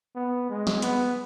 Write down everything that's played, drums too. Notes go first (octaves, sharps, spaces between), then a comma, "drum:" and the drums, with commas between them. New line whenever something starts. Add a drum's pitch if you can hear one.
B3
G#3
drum: snare
B3, drum: hi-hat